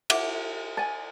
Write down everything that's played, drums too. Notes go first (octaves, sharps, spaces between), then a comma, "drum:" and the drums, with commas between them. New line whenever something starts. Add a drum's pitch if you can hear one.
E5 F#5 D6, drum: cymbal
D5 G#5 A5 A6